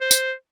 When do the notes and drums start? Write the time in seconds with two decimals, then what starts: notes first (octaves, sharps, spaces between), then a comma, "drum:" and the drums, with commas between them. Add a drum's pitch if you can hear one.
0.01 C5
0.11 drum: tambourine